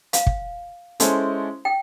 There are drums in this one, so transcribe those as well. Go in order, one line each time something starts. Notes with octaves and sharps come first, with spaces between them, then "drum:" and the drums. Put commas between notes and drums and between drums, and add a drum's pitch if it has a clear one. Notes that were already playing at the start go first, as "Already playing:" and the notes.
F5, drum: hi-hat
drum: kick
G#3 C#4 E4 A4 C5, drum: hi-hat
G5